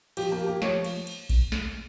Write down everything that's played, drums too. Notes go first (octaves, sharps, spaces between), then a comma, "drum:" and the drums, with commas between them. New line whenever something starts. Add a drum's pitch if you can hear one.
F3 G4, drum: cymbal
A#3 G4
A#3 G4
F3 C#5, drum: snare
drum: cymbal
drum: cymbal
drum: kick A#1, cymbal
drum: snare